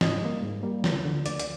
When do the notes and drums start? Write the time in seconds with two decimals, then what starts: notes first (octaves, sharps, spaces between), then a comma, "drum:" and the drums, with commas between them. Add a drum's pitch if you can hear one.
0.01 G#2 D#5, drum: snare
0.22 G3 A#3
0.42 G#2
0.63 G3 A#3
0.84 D2, drum: snare
1.05 D3 F3
1.26 D2 D5, drum: hi-hat
1.39 drum: hi-hat